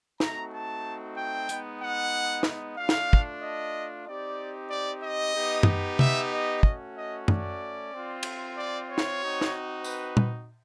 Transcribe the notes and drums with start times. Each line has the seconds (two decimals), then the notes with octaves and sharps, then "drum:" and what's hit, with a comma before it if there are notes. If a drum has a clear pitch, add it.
0.20 A3 C4 D#4 F#4 A#5, drum: snare
0.53 A5
1.17 G5
1.49 G#3 B3 D#4, drum: hi-hat
1.81 F#5
2.43 drum: snare
2.77 A3 D4 F4 F5
2.89 drum: snare
3.13 drum: kick
3.42 D#5
4.06 C4 D#4 G4 D5
4.71 D5
5.03 D#5
5.34 B3 D#4 G4
5.63 drum: tom F#2
5.99 E5, drum: tom C3
6.31 D#5
6.63 A3 C#4 F#4, drum: kick
6.95 D#5
7.28 D5, drum: tom F#2
7.92 C4 F4
8.23 drum: cymbal
8.56 D5
8.88 C#5
8.98 drum: snare
9.20 C4 D#4 F#4
9.41 drum: snare
9.84 B4, drum: tambourine
10.17 drum: tom